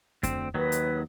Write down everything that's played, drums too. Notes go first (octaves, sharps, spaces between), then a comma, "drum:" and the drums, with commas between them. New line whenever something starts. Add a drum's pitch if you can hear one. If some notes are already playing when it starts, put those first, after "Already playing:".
D2 C4, drum: kick F2, hi-hat
D#2 D#3 F#3 B4 D#6
drum: hi-hat